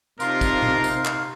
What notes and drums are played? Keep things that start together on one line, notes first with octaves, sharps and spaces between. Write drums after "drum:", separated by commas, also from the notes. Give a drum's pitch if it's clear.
C3 D4 D#4 F4 A#4 F5 C6, drum: tambourine
drum: kick, tambourine
drum: tom A#2
drum: tambourine
drum: clap